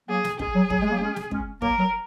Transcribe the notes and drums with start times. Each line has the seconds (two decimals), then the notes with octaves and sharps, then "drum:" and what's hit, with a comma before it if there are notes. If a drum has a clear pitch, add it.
0.09 F#3 A#3 G#4
0.24 drum: snare
0.39 G#3 C#4 G#4, drum: kick
0.55 F#3
0.70 F#3, drum: kick
0.81 G#3
0.91 F#3 A#3
1.01 G#3 C#4
1.16 drum: snare
1.31 G#3 C#4, drum: kick
1.62 F#3 A#3 A#4, drum: kick
1.78 F#3